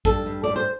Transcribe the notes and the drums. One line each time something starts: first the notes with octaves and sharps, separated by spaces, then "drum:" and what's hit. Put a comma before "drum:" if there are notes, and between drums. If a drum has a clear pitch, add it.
G2 A4, drum: kick, hi-hat
G2
G2 D5
C5